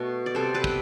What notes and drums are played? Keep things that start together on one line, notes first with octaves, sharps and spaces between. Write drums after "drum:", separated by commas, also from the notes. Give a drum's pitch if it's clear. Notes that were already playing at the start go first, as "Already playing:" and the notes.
Already playing: B2 A3
D5
C3 G3 B3 A4 C5
B4 D5
drum: kick